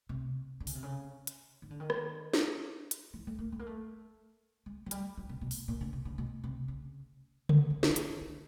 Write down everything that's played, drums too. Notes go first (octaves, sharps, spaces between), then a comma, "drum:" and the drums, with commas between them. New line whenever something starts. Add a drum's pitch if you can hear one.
C3
D3
C#3, drum: open hi-hat
C3
C#3
drum: hi-hat
D#3
D3
D#3
drum: rim click
drum: snare
drum: hi-hat
E3
A3
A#3
A3
A#3
A3
G#3
F#3
G3, drum: hi-hat
F#3
C3
B2
drum: open hi-hat
A#2
C#3
C3
C#3
B2
C3
C#3
drum: tom C#3
D3
D3, drum: snare
F3
E3, drum: hi-hat
D#3
D3